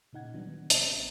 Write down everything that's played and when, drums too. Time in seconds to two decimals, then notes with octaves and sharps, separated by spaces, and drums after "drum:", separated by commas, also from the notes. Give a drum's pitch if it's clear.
0.13 A#2 C#3 D#4 F#5 G#6
0.34 D#3 F#3 G3 B3 D4
0.49 D#3
0.70 A1 C3 B3, drum: hi-hat